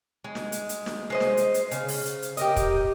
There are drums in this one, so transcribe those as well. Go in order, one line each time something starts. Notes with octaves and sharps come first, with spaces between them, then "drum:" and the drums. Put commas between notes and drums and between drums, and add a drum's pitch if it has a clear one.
G#3
drum: snare
drum: hi-hat
drum: hi-hat
drum: snare
G#3 C5 D#5
drum: snare
drum: hi-hat
drum: hi-hat
C#3, drum: hi-hat
drum: open hi-hat
drum: hi-hat
drum: hi-hat
G4 A#4 D#5, drum: hi-hat
drum: kick, hi-hat